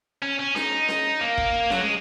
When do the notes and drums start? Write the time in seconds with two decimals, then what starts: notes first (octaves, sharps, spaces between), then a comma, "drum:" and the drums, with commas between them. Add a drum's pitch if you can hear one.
0.22 C#4
0.39 C#4
0.56 D#4, drum: snare C#4
0.89 drum: snare C#4
1.21 A#3
1.38 drum: kick
1.70 F#3, drum: snare C#4
1.82 G#3